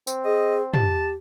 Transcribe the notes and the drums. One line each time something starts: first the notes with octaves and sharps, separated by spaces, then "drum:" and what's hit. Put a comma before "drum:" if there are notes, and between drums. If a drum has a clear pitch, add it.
C4, drum: tambourine
G#4 D#5
G4 A5, drum: tom